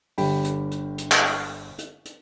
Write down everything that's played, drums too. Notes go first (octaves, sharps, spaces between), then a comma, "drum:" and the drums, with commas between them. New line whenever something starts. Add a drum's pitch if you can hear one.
G1 D3 G3 G5 B5, drum: open hi-hat
drum: hi-hat
drum: hi-hat
drum: hi-hat
drum: clap
drum: open hi-hat
drum: hi-hat
drum: hi-hat